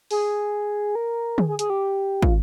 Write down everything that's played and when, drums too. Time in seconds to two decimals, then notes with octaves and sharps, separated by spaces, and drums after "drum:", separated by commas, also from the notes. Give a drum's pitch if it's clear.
0.11 G#4, drum: open hi-hat
0.95 A#4
1.38 G#4, drum: tom
1.48 G#4
1.59 G#4, drum: hi-hat
1.70 G4
2.22 F4, drum: kick